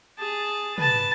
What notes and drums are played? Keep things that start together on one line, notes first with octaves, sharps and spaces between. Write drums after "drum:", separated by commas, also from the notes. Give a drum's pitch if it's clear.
G#4 A5
B4 A5, drum: tom